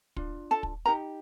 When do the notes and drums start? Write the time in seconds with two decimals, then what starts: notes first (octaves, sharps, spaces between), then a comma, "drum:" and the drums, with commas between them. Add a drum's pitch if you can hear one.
0.16 D4 F4, drum: kick
0.51 A4 A5
0.63 drum: kick
0.86 D#4 G4 A#4 A#5